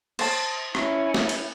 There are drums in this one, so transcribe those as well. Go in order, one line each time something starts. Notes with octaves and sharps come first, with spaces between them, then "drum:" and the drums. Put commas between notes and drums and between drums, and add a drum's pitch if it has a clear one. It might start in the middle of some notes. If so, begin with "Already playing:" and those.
C5 A5, drum: cymbal
C#4 E4, drum: rim click
drum: snare
drum: cymbal